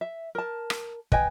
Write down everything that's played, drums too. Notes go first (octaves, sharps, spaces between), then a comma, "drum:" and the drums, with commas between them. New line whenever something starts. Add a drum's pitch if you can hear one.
E5
A#4 A5
drum: rim click
B4 D#5 G5 G#5, drum: kick